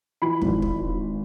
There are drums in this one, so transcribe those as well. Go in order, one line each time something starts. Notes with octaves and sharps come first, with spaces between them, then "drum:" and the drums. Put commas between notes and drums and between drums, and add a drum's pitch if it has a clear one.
E3 B5
G#1, drum: kick
drum: kick